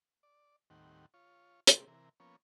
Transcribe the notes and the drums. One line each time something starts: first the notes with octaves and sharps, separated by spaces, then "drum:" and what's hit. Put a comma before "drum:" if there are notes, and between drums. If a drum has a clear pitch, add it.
D5
D#2 A2 D#3 G3 C4 F#5
F4 C#5
C3 G3 A#3 C4, drum: hi-hat
C3 E3 A#4
F3 A#3 B3 C#4 C#5